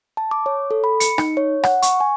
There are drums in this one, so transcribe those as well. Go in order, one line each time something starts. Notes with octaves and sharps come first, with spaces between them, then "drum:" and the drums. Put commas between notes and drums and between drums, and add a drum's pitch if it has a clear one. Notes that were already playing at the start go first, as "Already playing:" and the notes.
A5
D6
C#5
A4
B5
C#7, drum: hi-hat
D#4, drum: rim click
C#5
F#5, drum: rim click
C#6, drum: hi-hat
G#5